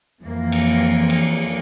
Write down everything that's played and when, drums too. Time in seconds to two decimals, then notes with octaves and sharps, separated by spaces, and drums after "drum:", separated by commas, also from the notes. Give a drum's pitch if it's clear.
0.23 F2 E3 A#3
0.52 drum: cymbal
1.10 drum: cymbal